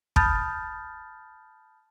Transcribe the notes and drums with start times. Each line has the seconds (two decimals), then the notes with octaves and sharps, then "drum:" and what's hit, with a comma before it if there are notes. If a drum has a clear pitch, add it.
0.16 A5 B5 D#6 F6 G6 A6, drum: kick